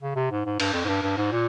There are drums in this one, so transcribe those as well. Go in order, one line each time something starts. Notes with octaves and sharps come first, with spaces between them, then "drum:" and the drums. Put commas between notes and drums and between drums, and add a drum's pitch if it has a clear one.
C#3
C3
G#2
G#2
G2, drum: cymbal
F2
G#2
G2
G2
G#2
A#2